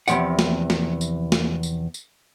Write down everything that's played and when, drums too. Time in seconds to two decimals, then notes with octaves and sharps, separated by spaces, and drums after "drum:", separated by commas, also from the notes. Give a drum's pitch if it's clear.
0.08 E2 C3 F3 D5 F#5, drum: tambourine
0.39 drum: snare
0.70 drum: snare
1.01 drum: tambourine
1.32 drum: snare
1.63 drum: tambourine
1.94 drum: tambourine